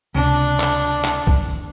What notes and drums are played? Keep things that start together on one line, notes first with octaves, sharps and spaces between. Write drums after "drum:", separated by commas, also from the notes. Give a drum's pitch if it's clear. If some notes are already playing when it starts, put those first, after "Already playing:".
C#2 C3 D4
drum: clap
drum: clap
drum: kick B1